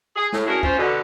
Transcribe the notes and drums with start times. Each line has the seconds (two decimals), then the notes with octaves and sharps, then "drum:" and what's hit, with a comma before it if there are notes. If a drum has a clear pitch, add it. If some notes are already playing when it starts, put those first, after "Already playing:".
0.16 G#4
0.33 A2, drum: snare
0.46 C#4 D4 E4 F#4 G#4 A#4
0.63 C#4 F4 C5, drum: kick
0.78 B2 D3